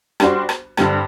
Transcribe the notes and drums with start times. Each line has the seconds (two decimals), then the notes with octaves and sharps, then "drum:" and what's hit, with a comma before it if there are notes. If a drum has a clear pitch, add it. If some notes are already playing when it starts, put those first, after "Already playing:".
0.20 G3 D4 F#4 C5, drum: rim click
0.49 drum: rim click
0.77 G2 D3 G3 C4, drum: rim click